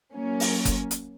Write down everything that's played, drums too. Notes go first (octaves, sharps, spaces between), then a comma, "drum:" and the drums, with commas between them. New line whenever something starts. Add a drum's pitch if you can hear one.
F#3 A#3 C#4
drum: open hi-hat
drum: kick F#1, hi-hat
drum: hi-hat